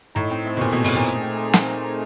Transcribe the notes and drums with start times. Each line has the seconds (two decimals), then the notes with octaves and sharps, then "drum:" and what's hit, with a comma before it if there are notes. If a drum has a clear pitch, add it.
0.15 A2 D#4
0.31 C4
0.46 A3
0.57 B2
0.61 A#2 G#4
0.73 B2 D#4
0.84 A2, drum: open hi-hat
0.92 A#2 G#4
1.07 G#4
1.23 C4
1.37 G#4
1.53 C4, drum: snare
1.68 D#4
1.84 D#4